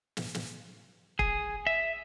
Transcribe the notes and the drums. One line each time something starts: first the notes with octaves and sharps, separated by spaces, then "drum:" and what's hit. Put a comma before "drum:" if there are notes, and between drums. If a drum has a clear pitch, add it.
drum: snare
drum: snare
G#4, drum: kick
E5